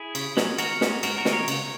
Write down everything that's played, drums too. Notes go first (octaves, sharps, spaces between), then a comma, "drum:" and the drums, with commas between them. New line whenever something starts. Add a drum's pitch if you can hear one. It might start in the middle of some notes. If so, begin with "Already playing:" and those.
Already playing: E4 G#4
C#3, drum: cymbal
F#3 C#4, drum: snare
D#3 F#4 A#4, drum: cymbal
G#3 C#4, drum: snare
G#2 F#4 A#4, drum: cymbal
F#4 A#4
D#3 G#3 D#4, drum: snare
A#4 C#5
C#3, drum: cymbal